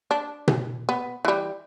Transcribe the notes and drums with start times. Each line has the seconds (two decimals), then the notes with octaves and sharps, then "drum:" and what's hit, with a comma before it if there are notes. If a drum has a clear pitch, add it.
0.11 D4
0.48 drum: tom B2
0.89 B3
1.25 E3 G3